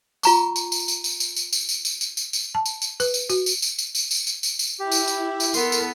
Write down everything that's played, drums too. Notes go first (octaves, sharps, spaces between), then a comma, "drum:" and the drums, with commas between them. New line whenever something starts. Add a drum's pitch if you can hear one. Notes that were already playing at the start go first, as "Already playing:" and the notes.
F4 A#5 C#6, drum: tambourine
drum: tambourine
drum: tambourine
drum: tambourine
drum: tambourine
drum: tambourine
drum: tambourine
drum: tambourine
drum: tambourine
drum: tambourine
drum: tambourine
drum: tambourine
drum: tambourine
A5
drum: tambourine
drum: tambourine
B4, drum: tambourine
drum: tambourine
F#4, drum: tambourine
drum: tambourine
drum: tambourine
drum: tambourine
drum: tambourine
drum: tambourine
drum: tambourine
drum: tambourine
drum: tambourine
E4 G4
drum: tambourine
drum: tambourine
drum: tambourine
B3 A4 A#4 C6, drum: tambourine
drum: tambourine